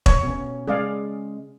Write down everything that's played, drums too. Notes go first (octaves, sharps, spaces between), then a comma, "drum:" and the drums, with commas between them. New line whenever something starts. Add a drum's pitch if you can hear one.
C#5, drum: kick E1
B2 C#4
C#3 G#3 G#4 D5 F5